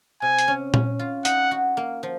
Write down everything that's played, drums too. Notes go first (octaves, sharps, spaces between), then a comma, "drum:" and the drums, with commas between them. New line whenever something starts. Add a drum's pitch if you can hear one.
C3 G#5
drum: hi-hat
C#4
C#4, drum: tom A#2
F4
D#4 F#5, drum: hi-hat
F#4
A#3
F3